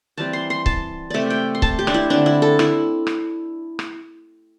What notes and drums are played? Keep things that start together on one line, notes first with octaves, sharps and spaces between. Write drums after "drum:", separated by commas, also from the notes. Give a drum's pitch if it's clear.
E3 G3 C4 A5
C6
C6
A5, drum: kick C#1
C3 A3 C4 D5 E5
G5
C6
A5, drum: kick C#1
G4
D4, drum: rim click
E4
D3 C4 D4
E4
A4
E4, drum: rim click
drum: rim click
drum: rim click